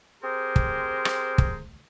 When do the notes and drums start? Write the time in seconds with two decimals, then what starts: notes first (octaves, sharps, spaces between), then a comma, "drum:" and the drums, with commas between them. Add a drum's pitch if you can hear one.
0.23 C4 G4 G#4 A#4 C5
0.56 drum: kick
1.05 drum: rim click
1.38 drum: kick